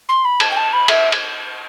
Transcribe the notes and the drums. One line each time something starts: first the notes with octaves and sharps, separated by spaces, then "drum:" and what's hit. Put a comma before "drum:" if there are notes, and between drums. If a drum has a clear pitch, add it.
C6
B5
A5, drum: cymbal
G5
A5
B5
E5, drum: cymbal
drum: cymbal